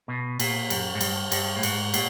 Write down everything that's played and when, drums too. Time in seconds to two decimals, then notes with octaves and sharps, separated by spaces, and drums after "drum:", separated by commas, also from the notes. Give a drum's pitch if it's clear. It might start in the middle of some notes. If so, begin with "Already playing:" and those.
0.08 B2
0.40 A#2, drum: cymbal
0.70 F#2, drum: cymbal
0.95 G#2
1.01 G2, drum: cymbal
1.32 G2, drum: cymbal
1.56 A2
1.63 G#2, drum: cymbal
1.94 A#2, drum: cymbal